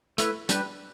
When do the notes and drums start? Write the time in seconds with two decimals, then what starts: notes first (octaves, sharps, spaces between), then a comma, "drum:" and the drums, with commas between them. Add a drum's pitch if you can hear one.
0.18 A3 E4 B4, drum: hi-hat
0.49 G3 D4 G4 B4, drum: hi-hat